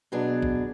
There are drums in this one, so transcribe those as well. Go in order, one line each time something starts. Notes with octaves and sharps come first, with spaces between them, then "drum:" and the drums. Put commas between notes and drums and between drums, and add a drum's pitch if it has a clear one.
B2 F#3 B3 D4 G#4
drum: kick B1